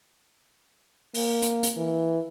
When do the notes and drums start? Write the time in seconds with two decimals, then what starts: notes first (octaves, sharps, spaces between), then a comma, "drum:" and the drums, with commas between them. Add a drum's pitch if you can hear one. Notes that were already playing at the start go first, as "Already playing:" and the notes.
1.14 A#3, drum: open hi-hat
1.42 drum: hi-hat
1.63 drum: hi-hat
1.76 E3